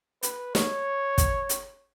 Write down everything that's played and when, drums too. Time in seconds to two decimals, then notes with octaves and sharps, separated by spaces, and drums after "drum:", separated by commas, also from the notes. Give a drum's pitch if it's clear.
0.23 B4, drum: hi-hat
0.55 C#5, drum: snare
1.18 drum: kick, hi-hat
1.49 drum: hi-hat